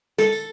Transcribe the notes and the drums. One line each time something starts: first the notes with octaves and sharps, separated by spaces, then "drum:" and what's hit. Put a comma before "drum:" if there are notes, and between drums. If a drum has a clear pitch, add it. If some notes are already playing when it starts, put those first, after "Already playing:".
A4, drum: snare
drum: tambourine